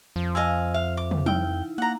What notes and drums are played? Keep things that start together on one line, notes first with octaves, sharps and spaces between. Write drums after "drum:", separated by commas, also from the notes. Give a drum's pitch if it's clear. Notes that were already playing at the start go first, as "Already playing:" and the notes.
F2 F3
D#5 F5 G#5 E6
E5 F5
D6
drum: tom
D#4 E4 G5, drum: tom
A#3 F#5 A#5